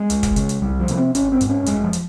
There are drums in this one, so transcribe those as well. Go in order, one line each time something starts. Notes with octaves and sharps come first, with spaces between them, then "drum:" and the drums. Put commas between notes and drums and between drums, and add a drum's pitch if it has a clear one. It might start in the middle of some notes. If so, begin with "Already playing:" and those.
Already playing: G#3
C#2, drum: hi-hat
drum: kick, hi-hat
C#3, drum: hi-hat
drum: hi-hat
C2 G3
F3
C3 A#3, drum: hi-hat
C4
G#1 C#4, drum: hi-hat
C4
G#2, drum: hi-hat
C#4
F1 G#3, drum: hi-hat
F3
drum: hi-hat